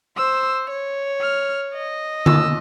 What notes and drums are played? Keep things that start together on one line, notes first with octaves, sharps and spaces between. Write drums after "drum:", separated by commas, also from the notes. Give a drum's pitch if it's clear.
C5 E6
C#5
F6
D#5
E6, drum: tom D3